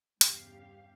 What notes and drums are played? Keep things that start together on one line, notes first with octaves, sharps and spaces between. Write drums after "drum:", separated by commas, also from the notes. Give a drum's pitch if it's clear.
E2 G2 C#3 G4 F5, drum: hi-hat